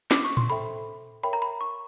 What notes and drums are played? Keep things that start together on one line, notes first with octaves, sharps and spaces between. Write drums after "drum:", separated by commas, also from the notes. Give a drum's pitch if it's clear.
D6, drum: snare
C#6
C6, drum: tom A2
A4 C5 E5 G5 B5
A#4 C#5 E5 G5 B5
A#5
B5
C#6